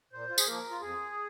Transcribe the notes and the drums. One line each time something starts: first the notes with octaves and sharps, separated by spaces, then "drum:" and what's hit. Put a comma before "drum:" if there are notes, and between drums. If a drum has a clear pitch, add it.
A#2 C5
F4
G#4, drum: tambourine
F3 A#3 A#4
F4
F2 G#4